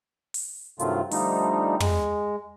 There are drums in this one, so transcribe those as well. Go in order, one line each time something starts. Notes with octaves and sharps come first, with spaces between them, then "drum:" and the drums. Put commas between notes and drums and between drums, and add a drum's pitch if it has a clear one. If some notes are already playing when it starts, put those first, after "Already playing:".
drum: open hi-hat
G2 C3 D#3 F#3 A3 F4, drum: hi-hat
D3 F3 G3 A3 D#4, drum: open hi-hat
G#3, drum: tom